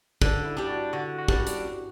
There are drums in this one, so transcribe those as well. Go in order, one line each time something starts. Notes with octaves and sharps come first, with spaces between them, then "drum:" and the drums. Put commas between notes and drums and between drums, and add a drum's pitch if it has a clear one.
D3 D4, drum: kick
E4
G3 D4
F#4
D3 F#4
F#4
G3 D4 G4, drum: kick
drum: hi-hat